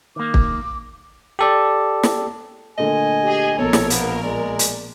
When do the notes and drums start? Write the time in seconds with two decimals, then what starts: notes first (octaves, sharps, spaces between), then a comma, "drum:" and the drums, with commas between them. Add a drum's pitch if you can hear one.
0.16 D#3 A#3 D6
0.34 drum: kick
1.39 G4 A4 D5
2.03 drum: snare
2.78 A#2 D3 A3 D#5 G#5
3.25 G4 G#4
3.59 A#1 B2 A4 A#4 C#5
3.73 drum: snare
3.90 A#3 B3, drum: hi-hat
4.23 G#3 D5
4.59 drum: hi-hat